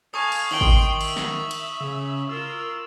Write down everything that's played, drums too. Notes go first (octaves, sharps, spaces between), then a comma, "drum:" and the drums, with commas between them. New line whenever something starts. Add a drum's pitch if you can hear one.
A4 F5 G#5 C#6 D#6
drum: cymbal
D#3 G5 C6 D#6 F#7
drum: kick G#1
E5, drum: cymbal
drum: snare
drum: cymbal
C#3
F4 A#4 E6